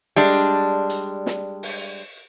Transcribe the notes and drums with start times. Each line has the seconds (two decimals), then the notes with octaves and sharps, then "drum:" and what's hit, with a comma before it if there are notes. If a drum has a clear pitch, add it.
0.16 G3 G#3 D4, drum: hi-hat
0.90 drum: hi-hat
1.26 drum: snare
1.63 drum: open hi-hat